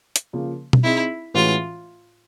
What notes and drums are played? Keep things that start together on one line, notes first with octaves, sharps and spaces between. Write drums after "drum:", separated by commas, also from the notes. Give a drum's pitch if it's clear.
drum: hi-hat
C#3 F3 A#3
drum: tom B2
C4 D#4 E4 G#4
A2 E3 G#3 C#4 F4 F#4